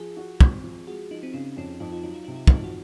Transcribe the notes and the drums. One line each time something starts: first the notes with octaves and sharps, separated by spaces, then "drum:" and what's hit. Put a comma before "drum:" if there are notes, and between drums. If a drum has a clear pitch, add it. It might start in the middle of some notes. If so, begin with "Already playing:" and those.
Already playing: F3 G#4
F#4
C4, drum: kick
F3
G#3 F#4
F3 D#4
C4
C#3 C#4
F2 C#4
F2 D#4
F4
F#3 D#4
F4
C3 D#4
F4
D#4, drum: kick
F2
F#4